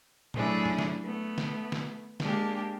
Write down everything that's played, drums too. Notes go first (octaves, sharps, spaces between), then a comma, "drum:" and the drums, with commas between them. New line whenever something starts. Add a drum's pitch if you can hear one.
F#3 A3 C#4 D4 E4 G#4, drum: tom
drum: tom
drum: snare
A3 B3
drum: snare
drum: snare
G#3 A#3 D4 G4, drum: snare